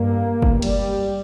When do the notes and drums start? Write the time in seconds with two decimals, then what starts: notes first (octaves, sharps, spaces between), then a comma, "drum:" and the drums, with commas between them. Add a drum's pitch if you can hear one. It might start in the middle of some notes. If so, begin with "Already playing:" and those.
Already playing: G2 A#3
0.42 drum: kick
0.62 G3, drum: cymbal